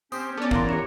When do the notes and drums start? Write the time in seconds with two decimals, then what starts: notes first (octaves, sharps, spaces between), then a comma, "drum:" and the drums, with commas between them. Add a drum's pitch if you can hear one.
0.12 C4 C#4 G4 D#6, drum: tambourine
0.37 B3 C#4 A4 D5
0.51 E2 A#4 F5 C6, drum: kick
0.69 G4 C#5 E7